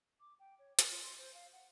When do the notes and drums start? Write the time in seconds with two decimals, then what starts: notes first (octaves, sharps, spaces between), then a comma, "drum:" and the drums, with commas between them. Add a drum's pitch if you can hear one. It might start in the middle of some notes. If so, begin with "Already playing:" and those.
0.20 D6
0.39 G5
0.59 C#5
0.79 C5, drum: hi-hat
0.90 F4
1.03 C6
1.18 C5
1.34 F5
1.53 F#5